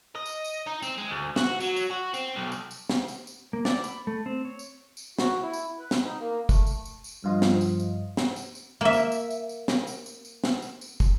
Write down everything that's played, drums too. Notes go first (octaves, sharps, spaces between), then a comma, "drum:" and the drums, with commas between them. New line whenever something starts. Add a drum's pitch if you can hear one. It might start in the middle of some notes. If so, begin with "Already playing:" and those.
D#5
drum: tambourine
drum: tambourine
D#4
C4, drum: tambourine
G#3
D2
F#4, drum: snare
F#3, drum: tambourine
drum: tambourine
F#4
C4, drum: tambourine
B1
drum: tambourine
drum: tambourine
drum: snare
drum: tambourine
drum: tambourine
A#3
D5, drum: snare
B5, drum: tambourine
A3
C4
C#5
drum: tambourine
drum: tambourine
F#4, drum: snare
E4
drum: tambourine
B4
drum: snare
D#4
A#3
A3, drum: kick, tambourine
drum: tambourine
drum: tambourine
drum: tambourine
G2 F3 F4 D#5
drum: snare
drum: tambourine
drum: tambourine
drum: snare
drum: tambourine
drum: tambourine
A#3 E5
drum: tambourine
drum: tambourine
drum: tambourine
drum: tambourine
drum: snare
drum: tambourine
drum: tambourine
drum: tambourine
drum: snare
drum: tambourine
drum: tambourine
drum: kick, tambourine